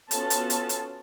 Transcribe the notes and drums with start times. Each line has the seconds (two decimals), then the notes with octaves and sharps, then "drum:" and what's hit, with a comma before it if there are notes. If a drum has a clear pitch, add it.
0.11 B3 C#4 F4 F#4 A4 A5, drum: hi-hat
0.30 drum: hi-hat
0.50 drum: hi-hat
0.69 drum: hi-hat